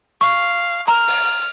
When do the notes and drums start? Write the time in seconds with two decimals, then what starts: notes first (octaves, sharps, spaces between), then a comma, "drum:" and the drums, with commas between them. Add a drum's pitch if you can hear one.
0.21 F5 C#6
0.88 A#5 F6
1.08 drum: open hi-hat